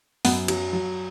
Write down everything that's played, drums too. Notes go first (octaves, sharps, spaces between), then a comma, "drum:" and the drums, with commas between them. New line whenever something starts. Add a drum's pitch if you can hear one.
F#2 B3, drum: open hi-hat
F#3, drum: cymbal
F#3